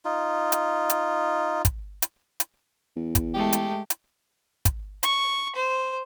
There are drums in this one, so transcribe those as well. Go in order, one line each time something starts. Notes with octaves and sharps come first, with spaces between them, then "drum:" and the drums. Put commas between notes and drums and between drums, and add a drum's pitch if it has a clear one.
D#4 F4
drum: hi-hat
drum: hi-hat
drum: kick, hi-hat
drum: hi-hat
drum: hi-hat
E2
drum: kick, hi-hat
G#3 A3 G4
drum: hi-hat
drum: hi-hat
drum: kick, hi-hat
C#6, drum: hi-hat
C5